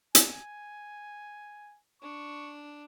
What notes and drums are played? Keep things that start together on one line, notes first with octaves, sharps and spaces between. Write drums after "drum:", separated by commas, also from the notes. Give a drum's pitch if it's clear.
G#5, drum: hi-hat
D4 C#6